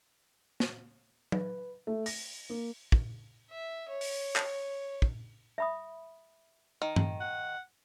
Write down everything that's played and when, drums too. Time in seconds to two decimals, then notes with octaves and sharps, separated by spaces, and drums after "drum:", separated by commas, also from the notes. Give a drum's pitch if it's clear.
0.60 drum: snare
1.32 B4, drum: tom
1.87 A3
2.06 A#6, drum: open hi-hat
2.50 A#3
2.92 drum: kick
3.51 E5
3.89 C#5
4.01 drum: open hi-hat
4.36 drum: clap
5.02 drum: kick
5.58 E5 B5 D#6
6.82 D#3
6.96 drum: tom G2
7.20 F#5